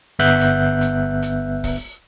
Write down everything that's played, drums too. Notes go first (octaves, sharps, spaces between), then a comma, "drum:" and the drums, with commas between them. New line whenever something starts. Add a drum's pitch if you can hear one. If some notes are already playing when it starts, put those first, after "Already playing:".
G1 B3 E5 F#6 G6
drum: hi-hat
drum: hi-hat
drum: hi-hat
drum: kick, open hi-hat